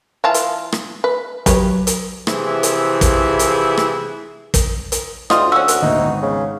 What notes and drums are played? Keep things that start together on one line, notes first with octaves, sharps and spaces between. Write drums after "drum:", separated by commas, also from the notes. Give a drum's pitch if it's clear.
E3 F4 A5
drum: hi-hat
drum: rim click
B4
F#3 G4 B4 C#5, drum: kick, hi-hat
drum: hi-hat
C3 E3 F3 E4 G#4, drum: rim click
drum: hi-hat
drum: kick, hi-hat
drum: hi-hat
drum: rim click
drum: kick, hi-hat
drum: hi-hat
D2 G3 F4 D#5, drum: rim click
C#4 F#4 C5 E6
drum: hi-hat
D2 A#2 D#4
G#1 B3
C#3